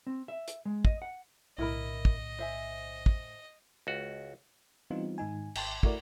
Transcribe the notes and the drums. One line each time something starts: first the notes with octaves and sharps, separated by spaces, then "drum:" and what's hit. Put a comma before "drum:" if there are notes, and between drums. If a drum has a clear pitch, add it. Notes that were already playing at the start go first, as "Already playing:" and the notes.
C4
E5
drum: hi-hat
G#3
D#5, drum: kick
F#5
B1 A2 D3 E4 A#4 D#5 B5
drum: kick
C5 E5 G#5
drum: kick
C#2 F#4
E3 G3 B3 C4 D#4 F4
G#2 D#3 D#4 G#5
G#1 G5 A5 C6, drum: cymbal
A3 E4 F#4 A#4 D5, drum: kick